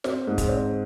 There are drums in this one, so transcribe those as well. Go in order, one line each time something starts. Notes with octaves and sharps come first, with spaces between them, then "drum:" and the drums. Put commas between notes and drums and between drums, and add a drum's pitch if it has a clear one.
C4, drum: snare
G#2
drum: kick, hi-hat
C4